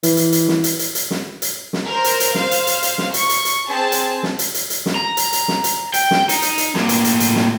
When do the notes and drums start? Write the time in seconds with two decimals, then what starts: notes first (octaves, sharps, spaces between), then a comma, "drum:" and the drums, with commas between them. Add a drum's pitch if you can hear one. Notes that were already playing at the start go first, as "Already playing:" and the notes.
0.03 E3, drum: hi-hat
0.17 drum: hi-hat
0.32 drum: hi-hat
0.48 drum: snare
0.64 drum: hi-hat
0.79 drum: hi-hat
0.95 drum: hi-hat
1.11 drum: snare
1.42 drum: hi-hat
1.73 drum: snare
1.85 A#4 C5
2.04 drum: hi-hat
2.20 drum: hi-hat
2.35 C5 F5, drum: snare
2.51 drum: hi-hat
2.67 drum: hi-hat
2.83 drum: hi-hat
2.98 drum: snare
3.14 C#6, drum: hi-hat
3.29 drum: hi-hat
3.45 drum: hi-hat
3.69 C4 G#4 A5
3.92 drum: hi-hat
4.23 drum: snare
4.39 drum: hi-hat
4.54 drum: hi-hat
4.70 drum: hi-hat
4.86 drum: snare
4.95 A#5
5.17 drum: hi-hat
5.33 drum: hi-hat
5.48 drum: snare
5.64 drum: hi-hat
5.94 G5, drum: hi-hat
6.11 drum: snare
6.29 D#4, drum: hi-hat
6.42 drum: hi-hat
6.58 drum: hi-hat
6.75 A2 A#3, drum: snare
6.89 drum: hi-hat
7.05 drum: hi-hat
7.20 drum: hi-hat
7.36 drum: snare